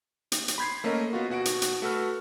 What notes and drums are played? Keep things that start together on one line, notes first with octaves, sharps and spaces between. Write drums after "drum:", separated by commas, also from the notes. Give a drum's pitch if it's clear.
drum: hi-hat
drum: hi-hat
B5 C6 G6 G#6 B6 C7
A3 A#3 C#4 A#4 D#5
B3 F4 F#4
B2 F#4 F#5 D7
drum: hi-hat
drum: hi-hat
A3 F#4 A4 B4 F6